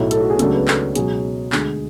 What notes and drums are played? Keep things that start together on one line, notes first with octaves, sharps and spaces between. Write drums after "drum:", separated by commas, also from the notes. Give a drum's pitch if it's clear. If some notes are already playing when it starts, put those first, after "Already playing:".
Already playing: B1 A2 F#3 A3 E4
A4, drum: hi-hat
F#4
G#4
C#2 C#3 F#3 A3 D4 A4, drum: hi-hat
B4
A4, drum: clap
C#2 B2 F#3 G#4, drum: hi-hat
D2 D3 G#3, drum: clap